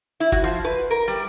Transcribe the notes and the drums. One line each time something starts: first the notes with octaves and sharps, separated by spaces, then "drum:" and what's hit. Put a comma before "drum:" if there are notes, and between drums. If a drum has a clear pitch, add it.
E4
F#4, drum: kick
F3
B4
A#4
G3